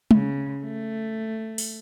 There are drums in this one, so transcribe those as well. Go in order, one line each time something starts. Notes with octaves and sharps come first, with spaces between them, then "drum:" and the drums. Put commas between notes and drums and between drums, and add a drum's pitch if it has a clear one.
C#3, drum: tom
A3
drum: open hi-hat